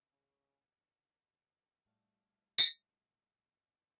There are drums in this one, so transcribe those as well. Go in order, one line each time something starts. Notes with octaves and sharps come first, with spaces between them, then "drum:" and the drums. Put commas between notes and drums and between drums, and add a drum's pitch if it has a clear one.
C#3
A2 G3 A3 F5
drum: tambourine